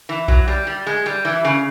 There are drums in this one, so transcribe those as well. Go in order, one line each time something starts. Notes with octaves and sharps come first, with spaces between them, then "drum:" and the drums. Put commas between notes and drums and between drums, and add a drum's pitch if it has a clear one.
E3
F#3, drum: kick B1
G3
G3
G#3
G3
E3
C#3